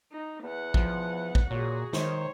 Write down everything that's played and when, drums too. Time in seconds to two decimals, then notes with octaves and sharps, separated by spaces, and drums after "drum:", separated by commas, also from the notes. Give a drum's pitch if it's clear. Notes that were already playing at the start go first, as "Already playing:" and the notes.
0.12 D#4
0.43 E2 B3 F#5
0.74 F3, drum: kick A1
1.35 drum: kick A1
1.51 A#2 F#3 F#4 G#4
1.93 D#3 C5 C#5, drum: snare